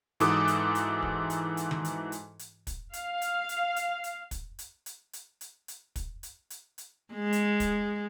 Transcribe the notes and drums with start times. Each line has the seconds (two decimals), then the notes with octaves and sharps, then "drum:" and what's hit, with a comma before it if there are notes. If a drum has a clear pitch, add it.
0.20 G#2 E3 F#4 A4 D6 D#6, drum: hi-hat
0.48 drum: hi-hat
0.75 drum: hi-hat
1.02 drum: kick
1.30 drum: hi-hat
1.57 drum: hi-hat
1.71 drum: tom D#3
1.85 drum: hi-hat
2.12 drum: hi-hat
2.39 drum: hi-hat
2.67 drum: kick, hi-hat
2.93 F5, drum: hi-hat
3.22 drum: hi-hat
3.49 drum: hi-hat
3.76 drum: hi-hat
4.04 drum: hi-hat
4.31 drum: kick, hi-hat
4.59 drum: hi-hat
4.86 drum: hi-hat
5.13 drum: hi-hat
5.41 drum: hi-hat
5.68 drum: hi-hat
5.96 drum: kick, hi-hat
6.23 drum: hi-hat
6.50 drum: hi-hat
6.78 drum: hi-hat
7.13 G#3
7.33 drum: hi-hat
7.60 drum: kick, hi-hat